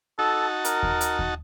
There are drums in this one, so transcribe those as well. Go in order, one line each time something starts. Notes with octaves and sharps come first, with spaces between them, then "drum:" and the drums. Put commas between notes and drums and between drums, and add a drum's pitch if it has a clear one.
D#4 F#4 A4 A5
A#4, drum: hi-hat
drum: kick D#2
drum: hi-hat
drum: kick D#2